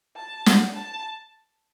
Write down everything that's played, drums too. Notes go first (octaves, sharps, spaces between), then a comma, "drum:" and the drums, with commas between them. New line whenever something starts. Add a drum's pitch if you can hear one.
A5
F#5, drum: snare
A5